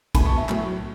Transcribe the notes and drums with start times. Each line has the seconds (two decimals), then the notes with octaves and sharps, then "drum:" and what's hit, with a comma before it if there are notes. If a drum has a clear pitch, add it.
0.15 C#2 B2 A3 G#5 B5, drum: kick, cymbal
0.26 A5 C#6
0.37 E5
0.49 A2 F#3 A3, drum: clap